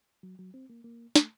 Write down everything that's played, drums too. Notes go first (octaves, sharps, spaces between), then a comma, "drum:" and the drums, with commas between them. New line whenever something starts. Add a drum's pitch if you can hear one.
F#3
F#3
C4
A#3
A#3
A3, drum: snare